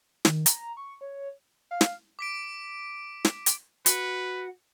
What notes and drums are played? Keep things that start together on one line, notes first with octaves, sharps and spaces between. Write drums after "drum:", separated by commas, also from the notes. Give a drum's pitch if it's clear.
D#3, drum: snare
A#5, drum: hi-hat
C#6
C#5
F5
drum: snare
D6 B6 D7
drum: snare
drum: hi-hat
F#4 B4, drum: hi-hat